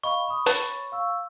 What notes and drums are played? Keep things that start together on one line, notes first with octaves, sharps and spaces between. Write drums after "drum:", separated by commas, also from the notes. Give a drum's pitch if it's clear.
D#5 F5 B5 C#6
B5 D#6
B4 C#5 A5 B5 A6, drum: open hi-hat
F5 C#6 E6